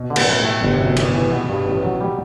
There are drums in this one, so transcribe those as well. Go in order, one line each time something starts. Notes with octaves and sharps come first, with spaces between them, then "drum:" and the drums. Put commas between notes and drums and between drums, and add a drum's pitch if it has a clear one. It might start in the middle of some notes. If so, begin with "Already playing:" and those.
Already playing: B2
D3
A2, drum: cymbal
F#2
A2
A3
G1 B2
C3
F#2
B2
G1, drum: cymbal
E3
B2 B3
G2
A1
F#3
G3